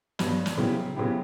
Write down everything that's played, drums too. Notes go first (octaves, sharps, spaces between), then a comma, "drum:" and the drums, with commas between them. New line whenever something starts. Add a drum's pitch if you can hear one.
G2 F#3 B3, drum: snare
drum: snare
C#3 F#3 B3 E4 G4
C#3 F#3 B3 E4 G4